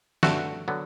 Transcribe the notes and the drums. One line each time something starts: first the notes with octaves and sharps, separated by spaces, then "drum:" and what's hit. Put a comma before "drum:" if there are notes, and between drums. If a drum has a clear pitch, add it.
G2 D3 A3 F#4, drum: snare
D3 F#3 B3